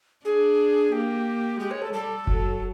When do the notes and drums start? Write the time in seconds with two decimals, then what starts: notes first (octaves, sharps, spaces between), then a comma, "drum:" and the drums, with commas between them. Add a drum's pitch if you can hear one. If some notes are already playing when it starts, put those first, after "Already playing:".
0.25 D4 G#4
0.92 A#3 G4
1.59 G#3 G4
1.71 C#5
1.82 A4
1.93 G3 A4
2.27 F#3, drum: kick F#1